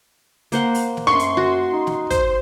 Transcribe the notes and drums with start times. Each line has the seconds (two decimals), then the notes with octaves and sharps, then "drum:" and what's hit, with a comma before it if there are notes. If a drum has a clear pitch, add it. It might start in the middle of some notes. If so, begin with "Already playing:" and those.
0.52 A#3 C5 F#5, drum: hi-hat
0.74 drum: open hi-hat
0.97 drum: snare
1.07 F#2 C6 C#6
1.19 drum: hi-hat
1.37 F#4
1.71 D#4
1.87 drum: snare
2.10 C5, drum: kick, hi-hat